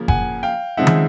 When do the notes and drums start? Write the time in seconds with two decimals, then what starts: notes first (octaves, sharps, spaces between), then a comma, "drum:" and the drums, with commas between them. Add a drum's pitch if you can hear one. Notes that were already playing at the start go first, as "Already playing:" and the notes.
Already playing: C#3 F3 A#3
0.08 F#5 G#5, drum: kick F#1
0.43 F5 G5
0.77 C#3 F3 G#3 C4 D#4 E5 F#5
0.87 drum: tom